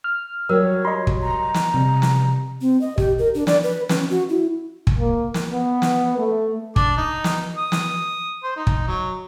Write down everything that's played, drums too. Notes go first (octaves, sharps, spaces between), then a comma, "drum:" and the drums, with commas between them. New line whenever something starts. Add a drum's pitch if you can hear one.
F6
F#3 G3 G4 A#4 C#5
F4 F#4 D#5 C6
drum: kick
A#5
drum: snare
C3 G3
drum: snare
C4
D#5
G4, drum: kick
A#4
D4
D5, drum: snare
B4
C#4, drum: snare
F#4
E4
drum: kick
A#3
drum: snare
B3
drum: snare
A3
D4, drum: kick
D#4
drum: snare
D#6
drum: snare
C5
D#4
drum: kick
F#3